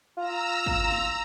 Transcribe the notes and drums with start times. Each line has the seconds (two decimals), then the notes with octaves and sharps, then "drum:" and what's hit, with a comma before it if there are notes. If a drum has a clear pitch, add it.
0.17 F4 A#5 E6
0.66 drum: kick
0.91 drum: snare